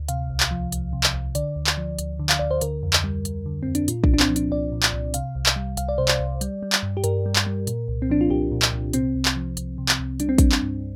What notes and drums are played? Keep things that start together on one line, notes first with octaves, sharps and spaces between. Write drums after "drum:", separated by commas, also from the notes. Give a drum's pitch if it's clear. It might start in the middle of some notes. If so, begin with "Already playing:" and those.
Already playing: D2
C3 F5, drum: hi-hat
C2
drum: clap
F3
C2, drum: hi-hat
C3
drum: clap
C2
D3 D5, drum: hi-hat
D2
drum: clap
F3
D2, drum: hi-hat
D3
F5, drum: clap
D2 D5
C5
D3 A#4, drum: hi-hat
F2
drum: clap
G3
F2, drum: hi-hat
D3
F2 C4
D4, drum: hi-hat
A#2 F4, drum: hi-hat
D4, drum: kick
C2
D4
C4, drum: clap
F3
D4, drum: hi-hat
C2 D5
A#2
drum: clap
C2
C3 F5, drum: hi-hat
C2
drum: clap
G3
C2 F5, drum: hi-hat
D5
C3 C5
D5, drum: clap
C2
G3, drum: hi-hat
G3
drum: clap
G2
G4
G2 A#4, drum: hi-hat
G3
drum: clap
G3
A#2, drum: hi-hat
C2
C4
F3 D4
F4
C2 G4
A#2
drum: clap
C2
C3 C4, drum: hi-hat
C2
drum: clap
F3
C2, drum: hi-hat
C3
drum: clap
C2
G3 D4, drum: hi-hat
C4
G3 D4, drum: kick, hi-hat
drum: clap
G2